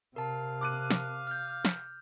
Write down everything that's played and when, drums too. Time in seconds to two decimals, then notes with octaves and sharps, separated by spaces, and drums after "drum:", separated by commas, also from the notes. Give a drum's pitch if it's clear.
0.16 C3 A#4 F5 A5
0.61 D6 F#6 D#7
0.90 drum: snare
1.27 F6 G6
1.65 drum: snare